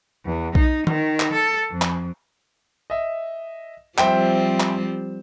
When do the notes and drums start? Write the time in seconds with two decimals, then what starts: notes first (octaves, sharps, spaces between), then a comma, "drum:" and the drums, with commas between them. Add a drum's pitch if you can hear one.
0.25 E2
0.55 D#4, drum: kick B1
0.87 D#3, drum: tom D#3
1.20 drum: clap
1.33 A4
1.72 F2
1.82 drum: clap
2.90 D#5 E5
3.98 F3 G3 C4 C5 E5 G5, drum: clap
4.60 drum: clap